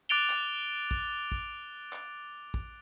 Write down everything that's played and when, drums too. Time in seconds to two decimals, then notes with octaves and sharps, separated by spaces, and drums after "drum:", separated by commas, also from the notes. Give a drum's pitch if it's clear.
0.09 D6 F#6 A6 D7 F7 G7
0.30 drum: clap
0.91 drum: kick
1.32 drum: kick
1.93 drum: clap
2.54 drum: kick